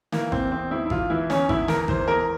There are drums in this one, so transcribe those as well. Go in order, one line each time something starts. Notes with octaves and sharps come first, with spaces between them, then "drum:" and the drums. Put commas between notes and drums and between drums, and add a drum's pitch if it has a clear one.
E3 A#3, drum: snare
E3 C4, drum: kick G#1
E2 C4
E2 E4
E4
E3 F4, drum: kick G#1
E3 E4
E2 C#4, drum: snare
E2 E4, drum: kick G#1
E3 A#4, drum: snare
E3 C5, drum: kick G#1
E2 A#4